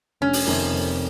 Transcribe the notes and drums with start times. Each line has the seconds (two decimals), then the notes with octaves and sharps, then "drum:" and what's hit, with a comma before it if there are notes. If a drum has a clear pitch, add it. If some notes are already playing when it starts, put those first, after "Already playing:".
0.21 F1 C#4
0.33 drum: open hi-hat
0.47 F2 C3 D#3 A#3
0.72 F1